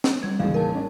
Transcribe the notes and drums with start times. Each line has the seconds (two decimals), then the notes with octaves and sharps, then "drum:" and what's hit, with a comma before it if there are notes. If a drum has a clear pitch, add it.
0.04 drum: snare
0.23 G3 G#6
0.39 A1 D#2 C#3 F5
0.54 A#4 A5
0.72 C#4 D4 D5